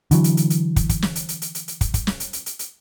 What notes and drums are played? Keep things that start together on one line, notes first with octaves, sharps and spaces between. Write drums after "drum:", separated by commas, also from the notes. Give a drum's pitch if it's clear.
D3 E3 F#3, drum: hi-hat
drum: hi-hat
drum: hi-hat
drum: hi-hat
drum: kick, hi-hat
drum: kick, hi-hat
drum: snare
drum: hi-hat
drum: hi-hat
drum: hi-hat
drum: hi-hat
drum: hi-hat
drum: kick, hi-hat
drum: kick, hi-hat
drum: snare
drum: hi-hat
drum: hi-hat
drum: hi-hat
drum: hi-hat